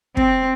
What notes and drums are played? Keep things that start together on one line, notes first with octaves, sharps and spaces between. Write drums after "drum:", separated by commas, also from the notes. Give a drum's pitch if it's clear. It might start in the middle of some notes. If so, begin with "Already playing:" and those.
C4, drum: kick